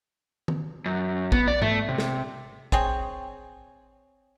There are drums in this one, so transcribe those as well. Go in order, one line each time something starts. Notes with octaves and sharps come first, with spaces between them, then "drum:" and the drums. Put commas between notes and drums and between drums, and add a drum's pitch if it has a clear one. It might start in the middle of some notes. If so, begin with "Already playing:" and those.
drum: tom D#3
F#2
B3, drum: kick
D5
A3, drum: tom G#2
C3
drum: snare
C4 G#4 C#5, drum: kick